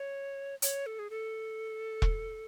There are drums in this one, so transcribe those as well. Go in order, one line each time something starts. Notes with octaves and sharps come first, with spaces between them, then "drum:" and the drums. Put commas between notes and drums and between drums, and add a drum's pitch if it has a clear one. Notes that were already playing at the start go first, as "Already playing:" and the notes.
Already playing: C#5
C#5, drum: hi-hat
A4
G#4
A4
drum: kick E1